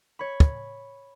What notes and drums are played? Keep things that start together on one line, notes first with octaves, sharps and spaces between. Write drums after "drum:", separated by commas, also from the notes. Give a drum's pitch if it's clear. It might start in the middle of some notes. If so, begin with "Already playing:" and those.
C#5 B5
drum: kick